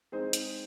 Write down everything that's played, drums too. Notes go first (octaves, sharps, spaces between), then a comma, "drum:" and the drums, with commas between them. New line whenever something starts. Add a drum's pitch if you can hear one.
G#3 C4 D#4 G#4 C5
drum: hi-hat